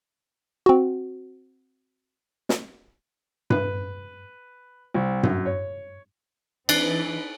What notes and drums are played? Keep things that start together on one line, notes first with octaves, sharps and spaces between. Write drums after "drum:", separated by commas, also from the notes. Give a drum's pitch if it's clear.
C4 F#4
drum: snare
B4, drum: tom G2
C2
F#2, drum: tom G2
C#5
E3 C4 D4 D#4 B4 F#6 A6 C7, drum: cymbal